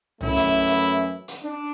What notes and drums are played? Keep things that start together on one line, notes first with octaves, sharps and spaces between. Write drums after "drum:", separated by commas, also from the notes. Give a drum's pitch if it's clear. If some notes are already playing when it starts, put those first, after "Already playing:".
F#2 E3 A3 E4, drum: tom
drum: hi-hat
drum: hi-hat
drum: hi-hat
D4